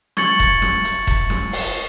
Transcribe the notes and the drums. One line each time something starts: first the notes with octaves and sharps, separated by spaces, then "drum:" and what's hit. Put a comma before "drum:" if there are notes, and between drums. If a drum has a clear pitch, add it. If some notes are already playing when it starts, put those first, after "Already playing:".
C#6 G#6 A6 C#7 F#7, drum: snare
drum: kick E1, hi-hat
drum: snare
drum: hi-hat
drum: kick E1, hi-hat
drum: snare
drum: open hi-hat